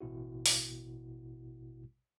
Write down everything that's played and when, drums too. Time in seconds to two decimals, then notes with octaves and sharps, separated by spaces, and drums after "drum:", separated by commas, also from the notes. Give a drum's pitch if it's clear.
0.01 A1 B2 E4 F#4
0.46 drum: open hi-hat